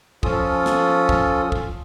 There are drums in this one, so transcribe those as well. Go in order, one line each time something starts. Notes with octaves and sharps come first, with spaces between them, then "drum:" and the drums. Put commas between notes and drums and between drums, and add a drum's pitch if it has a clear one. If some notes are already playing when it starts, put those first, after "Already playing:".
F3 C#4 F4 A4 D#6, drum: kick
drum: snare
drum: kick
drum: kick